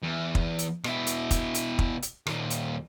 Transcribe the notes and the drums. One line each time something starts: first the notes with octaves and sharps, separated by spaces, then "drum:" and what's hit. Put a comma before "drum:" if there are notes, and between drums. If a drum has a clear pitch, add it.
E2
drum: kick
drum: hi-hat
B2 E4, drum: rim click
drum: hi-hat
drum: kick, hi-hat
drum: hi-hat
drum: kick
drum: hi-hat
D#2 A#2, drum: rim click
drum: hi-hat